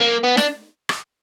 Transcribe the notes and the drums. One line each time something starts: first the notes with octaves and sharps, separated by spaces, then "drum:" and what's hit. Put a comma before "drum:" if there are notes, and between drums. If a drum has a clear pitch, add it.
A#3
B3
D4, drum: snare
drum: rim click